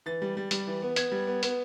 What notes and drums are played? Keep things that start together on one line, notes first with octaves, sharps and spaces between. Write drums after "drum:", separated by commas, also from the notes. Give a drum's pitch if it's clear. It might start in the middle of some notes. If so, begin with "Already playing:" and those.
E3 A6
G3
G3
G3, drum: hi-hat
E3
B3
B3 G#6, drum: hi-hat
G3
B3
B3, drum: hi-hat